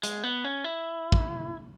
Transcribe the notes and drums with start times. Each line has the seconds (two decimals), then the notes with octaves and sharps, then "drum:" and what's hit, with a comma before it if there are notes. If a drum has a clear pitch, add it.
0.03 G#3, drum: hi-hat
0.23 B3
0.44 C#4
0.64 E4
1.12 drum: kick